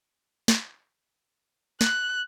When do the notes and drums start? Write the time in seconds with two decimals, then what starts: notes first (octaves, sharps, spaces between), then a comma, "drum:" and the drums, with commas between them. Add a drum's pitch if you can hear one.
0.48 drum: snare
1.81 F#6, drum: snare